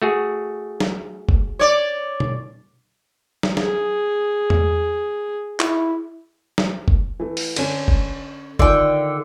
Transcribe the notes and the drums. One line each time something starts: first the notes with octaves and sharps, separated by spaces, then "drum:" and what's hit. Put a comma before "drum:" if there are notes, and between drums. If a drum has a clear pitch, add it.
A3 F#4 G#4
drum: snare
drum: kick
C#5 D5
drum: tom B2
drum: snare
G#4, drum: snare
drum: tom E2
E4, drum: clap
drum: snare
drum: kick
E3 A3
drum: open hi-hat
D3 C#4, drum: cymbal
drum: kick
D3 D#3 F4 G5, drum: kick